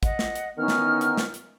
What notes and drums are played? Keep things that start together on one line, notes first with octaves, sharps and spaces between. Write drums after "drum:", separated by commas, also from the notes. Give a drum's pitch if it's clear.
D#5 F#5, drum: kick, hi-hat
drum: snare
drum: hi-hat
D#3 E3 B3 C#4 D#4 F6
drum: snare
drum: hi-hat
drum: snare
drum: hi-hat